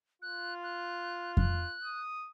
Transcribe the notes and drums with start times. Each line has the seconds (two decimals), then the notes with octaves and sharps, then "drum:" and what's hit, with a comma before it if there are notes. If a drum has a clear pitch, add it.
0.22 F4 F#6
0.63 F#6
1.37 F#6, drum: kick F2
1.84 D#6